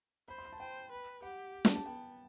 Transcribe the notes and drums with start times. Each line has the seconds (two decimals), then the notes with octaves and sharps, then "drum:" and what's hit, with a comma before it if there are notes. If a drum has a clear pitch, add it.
0.28 C5 B5
0.38 C6
0.45 B5
0.53 A5
0.60 C5 G5
0.92 B4
1.22 G4 F#5
1.65 A5, drum: snare
1.75 A5
1.86 B3 G5